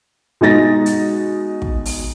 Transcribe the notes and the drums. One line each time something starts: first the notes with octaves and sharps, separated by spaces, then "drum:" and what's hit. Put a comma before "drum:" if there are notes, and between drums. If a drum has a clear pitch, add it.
B2 G#3 D#4 A6 A#6
drum: hi-hat
drum: kick
drum: open hi-hat